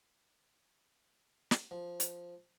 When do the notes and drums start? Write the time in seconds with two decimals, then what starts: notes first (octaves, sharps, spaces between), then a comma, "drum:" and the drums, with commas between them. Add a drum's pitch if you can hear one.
1.51 drum: snare
1.71 F3
2.00 drum: hi-hat